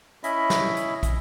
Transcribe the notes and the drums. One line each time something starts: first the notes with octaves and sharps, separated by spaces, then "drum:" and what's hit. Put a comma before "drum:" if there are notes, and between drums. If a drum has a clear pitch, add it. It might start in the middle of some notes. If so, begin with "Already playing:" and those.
C#4 E4 D#5 E5 B5, drum: hi-hat
drum: snare
drum: hi-hat
drum: kick, hi-hat